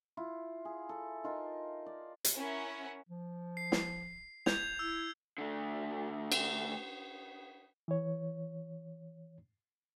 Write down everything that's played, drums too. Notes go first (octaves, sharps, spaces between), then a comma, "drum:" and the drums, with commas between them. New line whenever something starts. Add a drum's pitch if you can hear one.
E4 F4
G#4
A4
D#4 F4 A#4 A5
D5
drum: hi-hat
C#4 E4 A#4 C#5 E5 F#5
F3
C7
drum: snare
G6 G#6 F7, drum: snare
E4 E6
D3 A3
drum: cymbal
E3 C#5